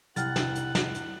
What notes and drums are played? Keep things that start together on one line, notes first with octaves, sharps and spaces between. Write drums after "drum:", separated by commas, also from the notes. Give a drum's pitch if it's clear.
C2 E4 F#5 G5 F6 A6, drum: hi-hat
drum: snare
drum: hi-hat
drum: snare
drum: hi-hat